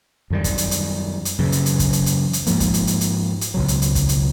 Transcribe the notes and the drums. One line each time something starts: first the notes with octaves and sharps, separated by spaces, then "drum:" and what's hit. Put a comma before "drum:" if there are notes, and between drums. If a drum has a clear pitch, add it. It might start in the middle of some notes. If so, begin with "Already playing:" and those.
F#2 D#3 G3
drum: kick, hi-hat
drum: hi-hat
drum: hi-hat
drum: hi-hat
F#2 C#3 E3
drum: hi-hat
drum: hi-hat
drum: kick, hi-hat
drum: hi-hat
drum: hi-hat
drum: hi-hat
G#2 F3 A#3, drum: hi-hat
drum: kick, hi-hat
drum: hi-hat
drum: hi-hat
drum: hi-hat
drum: hi-hat
C#2 B2 F#3
drum: hi-hat
drum: hi-hat
drum: kick, hi-hat
drum: hi-hat